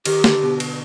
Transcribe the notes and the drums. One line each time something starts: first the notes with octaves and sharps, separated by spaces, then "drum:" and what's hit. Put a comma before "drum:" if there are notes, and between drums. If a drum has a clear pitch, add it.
D#3 G4, drum: cymbal
D3, drum: snare
B2
drum: cymbal